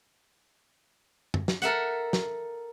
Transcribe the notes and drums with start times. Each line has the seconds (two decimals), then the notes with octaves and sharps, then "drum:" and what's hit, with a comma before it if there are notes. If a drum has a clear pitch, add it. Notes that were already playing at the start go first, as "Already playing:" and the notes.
1.34 drum: tom
1.48 drum: snare
1.62 A4 A#4 E5 F#5, drum: hi-hat
2.13 drum: snare